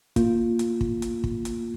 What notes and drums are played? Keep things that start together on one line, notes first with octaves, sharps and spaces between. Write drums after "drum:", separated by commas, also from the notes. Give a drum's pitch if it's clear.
A#3 F4, drum: kick, hi-hat
drum: hi-hat
drum: kick
drum: hi-hat
drum: kick
drum: hi-hat